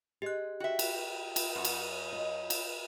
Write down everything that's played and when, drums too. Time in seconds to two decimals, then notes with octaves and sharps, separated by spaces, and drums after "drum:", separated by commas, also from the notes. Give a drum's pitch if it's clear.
0.22 G4 G#4 D#5 F#6
0.60 F#4 E5 G5
0.79 drum: cymbal
1.36 drum: cymbal
1.56 F#2 F4 F#5
1.65 drum: cymbal
1.90 C#5
2.13 D#5
2.50 drum: cymbal